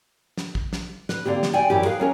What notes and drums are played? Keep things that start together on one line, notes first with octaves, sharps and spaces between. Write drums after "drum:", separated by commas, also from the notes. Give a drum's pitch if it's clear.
drum: snare
drum: kick
drum: snare
B4, drum: snare
D3 A#3 C4 G4
drum: snare
C4 D5 G5 G#5
F#2 E3 G4
G#4 A#4 B4 F5
F#3 C#4 A#4